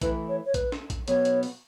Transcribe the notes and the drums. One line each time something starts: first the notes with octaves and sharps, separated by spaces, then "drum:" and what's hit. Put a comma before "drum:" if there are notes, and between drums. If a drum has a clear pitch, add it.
E3 A3 E4 B4, drum: kick A#1, hi-hat
C#5
C#5
B4, drum: kick A#1, hi-hat
drum: snare
drum: kick A#1, hi-hat
B2 F#3 B3 C#5, drum: hi-hat
drum: hi-hat
drum: open hi-hat